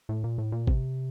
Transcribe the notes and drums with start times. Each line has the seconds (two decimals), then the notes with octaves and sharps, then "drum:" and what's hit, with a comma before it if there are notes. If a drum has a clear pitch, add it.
0.09 A2
0.24 A#2
0.38 A2
0.52 A#2
0.67 C3, drum: kick G#1